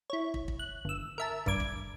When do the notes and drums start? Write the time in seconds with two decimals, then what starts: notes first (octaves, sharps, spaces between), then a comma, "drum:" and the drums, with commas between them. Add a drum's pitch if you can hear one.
0.10 E4 C#5
0.34 drum: kick
0.48 drum: kick
0.59 F#6
0.85 G1 E6
1.18 A#4 E5 A5
1.46 G1 G2 D6 G#6, drum: kick
1.60 drum: kick